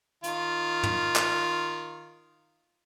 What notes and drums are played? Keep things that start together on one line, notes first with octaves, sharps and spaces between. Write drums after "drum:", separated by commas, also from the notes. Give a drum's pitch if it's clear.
D#3 F4, drum: hi-hat
drum: tom
drum: clap